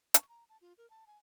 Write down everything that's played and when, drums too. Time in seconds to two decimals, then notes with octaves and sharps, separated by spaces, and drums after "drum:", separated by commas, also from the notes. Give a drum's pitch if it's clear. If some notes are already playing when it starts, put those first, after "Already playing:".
0.14 C#6, drum: hi-hat
0.29 A#5
0.49 A5
0.61 F4
0.78 A#4
0.90 A5
1.07 G#5